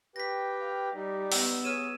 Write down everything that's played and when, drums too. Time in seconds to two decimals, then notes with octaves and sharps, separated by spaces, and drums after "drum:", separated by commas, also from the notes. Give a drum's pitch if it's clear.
0.16 G4 B4 G5 A#6 B6
0.61 F5
0.95 G3 D#4
1.32 B3 E6, drum: open hi-hat
1.64 G#4 C#5 F6 D#7 E7